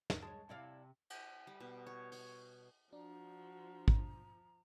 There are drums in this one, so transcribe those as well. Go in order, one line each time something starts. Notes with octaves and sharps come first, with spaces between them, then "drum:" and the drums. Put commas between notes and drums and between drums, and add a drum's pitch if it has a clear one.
drum: snare
G#3 C#5 A5
C3 E4 D5 F5
drum: cymbal
G3
B2
C#5
C#5, drum: open hi-hat
F3 D4 F#4 A#5
drum: kick